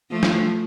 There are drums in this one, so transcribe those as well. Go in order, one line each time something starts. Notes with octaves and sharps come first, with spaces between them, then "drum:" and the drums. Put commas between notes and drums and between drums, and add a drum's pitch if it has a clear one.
F3 A3
drum: snare